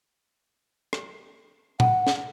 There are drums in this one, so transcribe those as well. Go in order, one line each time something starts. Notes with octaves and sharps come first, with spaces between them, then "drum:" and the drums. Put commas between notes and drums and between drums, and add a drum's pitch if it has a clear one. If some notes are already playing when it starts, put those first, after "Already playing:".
drum: rim click
F#5, drum: tom A#2
drum: snare